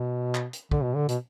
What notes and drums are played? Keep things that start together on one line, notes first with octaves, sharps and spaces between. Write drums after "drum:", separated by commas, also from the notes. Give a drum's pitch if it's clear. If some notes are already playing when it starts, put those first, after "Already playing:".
Already playing: B2
drum: clap
drum: hi-hat
D3, drum: kick
B2
D3
B2, drum: hi-hat